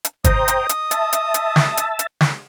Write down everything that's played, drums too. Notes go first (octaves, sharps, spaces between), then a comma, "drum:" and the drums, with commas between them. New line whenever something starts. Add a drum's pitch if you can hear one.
drum: hi-hat
C5 D#5 G5 A#5 D#6, drum: kick, hi-hat
drum: hi-hat
drum: hi-hat
E5 A5, drum: hi-hat
drum: hi-hat
drum: hi-hat
drum: snare
drum: hi-hat
drum: hi-hat
drum: snare